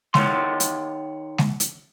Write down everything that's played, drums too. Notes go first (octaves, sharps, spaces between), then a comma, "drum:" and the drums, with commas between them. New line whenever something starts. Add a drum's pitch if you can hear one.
D#3 C#5 F#5 C6, drum: snare G#3
drum: hi-hat
drum: snare G#3
drum: hi-hat